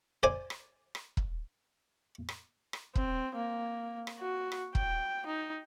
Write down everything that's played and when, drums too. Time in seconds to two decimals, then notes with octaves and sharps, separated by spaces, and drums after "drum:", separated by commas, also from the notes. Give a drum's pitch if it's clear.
0.23 C5 D5 G#5
0.50 drum: rim click
0.95 drum: rim click
1.17 drum: kick
2.29 drum: rim click
2.73 drum: rim click
2.95 C4, drum: kick
3.35 A#3
4.07 drum: rim click
4.19 F#4
4.52 drum: rim click
4.75 G5, drum: kick
5.26 D#4